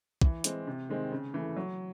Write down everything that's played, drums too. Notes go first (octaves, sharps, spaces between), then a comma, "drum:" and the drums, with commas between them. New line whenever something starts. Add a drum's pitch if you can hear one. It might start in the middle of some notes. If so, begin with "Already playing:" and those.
E3, drum: kick
G#3 C4, drum: hi-hat
C3
D#3 G#3 C4
C#3
E3 A3
F#3